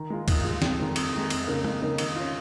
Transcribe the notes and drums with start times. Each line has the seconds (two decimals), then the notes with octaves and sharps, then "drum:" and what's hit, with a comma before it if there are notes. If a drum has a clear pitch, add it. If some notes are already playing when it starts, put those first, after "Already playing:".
Already playing: D#3
0.10 G#3 F4
0.28 D#3, drum: kick, cymbal
0.44 G#3 F4
0.62 F2, drum: snare
0.79 D#3 G#3
0.96 F2, drum: cymbal
1.13 D#3 G#3
1.30 F2, drum: cymbal
1.47 C#3 A#3 D#4 A#4
1.64 F2, drum: tom
1.81 C#3 A#3 D#4 A#4
1.98 D#3, drum: cymbal
2.16 C#4 F4